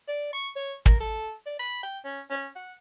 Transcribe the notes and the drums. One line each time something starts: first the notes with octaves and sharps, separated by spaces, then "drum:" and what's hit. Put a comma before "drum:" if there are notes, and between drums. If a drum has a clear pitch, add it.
D5
C#6
C#5
A#4, drum: kick
A4
D5
B5
G5
C#4
C#4
F#5